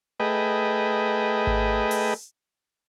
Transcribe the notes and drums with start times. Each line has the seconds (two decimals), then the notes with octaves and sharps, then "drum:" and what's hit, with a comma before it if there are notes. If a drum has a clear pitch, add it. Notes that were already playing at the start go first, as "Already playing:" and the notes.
0.20 A3 G#4 B4 D#5 G5
1.47 drum: kick G#1
1.91 drum: open hi-hat